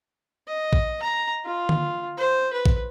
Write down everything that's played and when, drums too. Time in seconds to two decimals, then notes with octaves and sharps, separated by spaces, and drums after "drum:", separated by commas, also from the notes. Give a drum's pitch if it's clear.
0.47 D#5
0.73 drum: kick A#1
1.02 A#5
1.45 F4
1.69 drum: tom D3
2.17 C5
2.53 B4
2.66 drum: kick A#1